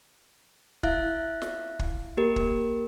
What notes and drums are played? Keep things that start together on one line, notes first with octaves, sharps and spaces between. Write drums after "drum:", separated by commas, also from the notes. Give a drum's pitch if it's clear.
E4 E5 F5 F#6, drum: kick
drum: snare
drum: kick
A#3 G4 A#4
drum: kick